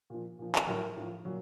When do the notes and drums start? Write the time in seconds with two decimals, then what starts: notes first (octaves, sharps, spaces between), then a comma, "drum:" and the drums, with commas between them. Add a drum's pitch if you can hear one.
0.10 A#2 F3
0.39 A#2 F3
0.55 drum: clap
0.67 A2 F#3 A#4
0.97 A2 F3
1.25 A#2 F#3